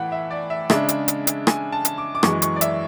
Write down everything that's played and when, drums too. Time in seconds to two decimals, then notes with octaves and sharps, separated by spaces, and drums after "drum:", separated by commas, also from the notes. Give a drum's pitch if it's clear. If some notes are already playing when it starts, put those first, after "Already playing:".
Already playing: A2 E3 A3 F#5 B5
0.12 E5
0.31 D5
0.50 E5
0.70 C#3 G#3 D4 E5, drum: rim click
0.89 drum: hi-hat
1.08 drum: hi-hat
1.27 drum: hi-hat
1.47 G#5, drum: rim click
1.72 A5
1.85 drum: hi-hat
1.98 D6
2.15 D6
2.23 F#2 E3 G#3 C#6, drum: rim click
2.42 C#6, drum: hi-hat
2.56 D5
2.61 E5, drum: hi-hat